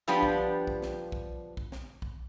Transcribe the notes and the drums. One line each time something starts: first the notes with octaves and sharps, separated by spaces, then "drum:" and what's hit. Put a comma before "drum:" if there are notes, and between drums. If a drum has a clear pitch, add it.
F3 G3 B3 D4 F4 G4
drum: kick
drum: kick
drum: snare
drum: kick
drum: kick
drum: snare
drum: kick